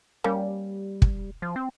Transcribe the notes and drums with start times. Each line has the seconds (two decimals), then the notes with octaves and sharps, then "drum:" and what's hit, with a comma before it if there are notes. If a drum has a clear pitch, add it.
0.24 G3 A#3 C#4
1.02 drum: kick
1.42 F3
1.56 C4